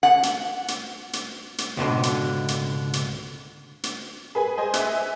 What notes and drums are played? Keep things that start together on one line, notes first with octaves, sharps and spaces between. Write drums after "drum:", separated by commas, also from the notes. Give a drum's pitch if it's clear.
F#5
drum: hi-hat
drum: hi-hat
drum: hi-hat
drum: hi-hat
C#2 G#2 B2 D3
drum: hi-hat
drum: hi-hat
drum: hi-hat
drum: hi-hat
G#4 B4 G#5
G#4 C5 D#5 G#5
E5 G#5 F#6, drum: hi-hat